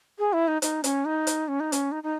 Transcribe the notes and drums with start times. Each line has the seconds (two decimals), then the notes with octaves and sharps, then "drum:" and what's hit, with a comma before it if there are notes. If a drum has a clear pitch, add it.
0.19 G#4
0.33 E4
0.48 D#4
0.62 D#4, drum: hi-hat
0.84 C#4, drum: hi-hat
1.05 D#4
1.27 drum: hi-hat
1.48 C#4
1.60 D#4
1.72 C#4, drum: hi-hat
1.92 D#4
2.03 D#4